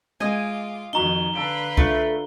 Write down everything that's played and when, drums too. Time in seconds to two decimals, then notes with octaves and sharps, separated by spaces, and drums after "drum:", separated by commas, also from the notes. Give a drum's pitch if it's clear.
0.20 G#3 F4 D#5 G#5 D6
0.93 F2 D#3 D#4 F#4 A#5 G7
1.35 D3 B4 F5 A5 E6 D7
1.77 A3 D4 F4, drum: kick C2